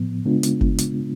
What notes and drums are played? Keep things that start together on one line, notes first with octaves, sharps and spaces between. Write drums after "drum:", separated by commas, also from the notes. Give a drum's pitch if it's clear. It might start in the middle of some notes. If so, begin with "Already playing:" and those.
Already playing: A2 F3 B3
C#3 G#3 B3 D4 F4
drum: hi-hat
drum: kick F#1
drum: hi-hat